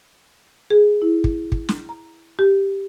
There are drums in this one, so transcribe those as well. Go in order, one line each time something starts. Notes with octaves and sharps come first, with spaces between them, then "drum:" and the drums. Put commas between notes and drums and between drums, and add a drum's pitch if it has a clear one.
G#4
E4
drum: kick
drum: kick
drum: snare
A#5
G4